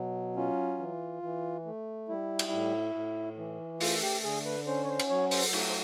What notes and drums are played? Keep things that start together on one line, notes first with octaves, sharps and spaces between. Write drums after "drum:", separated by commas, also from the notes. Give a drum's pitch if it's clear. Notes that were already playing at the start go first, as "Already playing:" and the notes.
Already playing: B2 F#3
C#4 F4
E3
E3
A3
G3 E4
drum: cymbal
A2
A2
E3
A3 F4, drum: open hi-hat
G4
D3 G#4
B4
C#4 C5
C#5
C5
drum: cymbal
F#3 C#5
C5, drum: open hi-hat
A3, drum: cymbal
C5